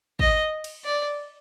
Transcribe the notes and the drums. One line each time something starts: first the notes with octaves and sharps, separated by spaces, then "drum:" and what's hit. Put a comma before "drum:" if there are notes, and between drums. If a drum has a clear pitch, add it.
D#5, drum: kick
drum: cymbal
D5